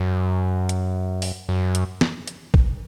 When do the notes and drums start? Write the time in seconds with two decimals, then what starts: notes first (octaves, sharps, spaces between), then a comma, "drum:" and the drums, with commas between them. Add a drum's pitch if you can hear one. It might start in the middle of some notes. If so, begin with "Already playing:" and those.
Already playing: F#2
0.69 drum: hi-hat
1.22 drum: open hi-hat
1.49 F#2
1.75 drum: hi-hat
2.01 drum: snare
2.27 drum: hi-hat
2.54 drum: kick